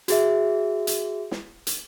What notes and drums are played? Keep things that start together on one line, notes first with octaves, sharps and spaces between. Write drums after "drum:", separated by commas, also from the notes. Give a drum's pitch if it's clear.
F#4 G#4 E5, drum: hi-hat
drum: hi-hat
drum: snare
drum: hi-hat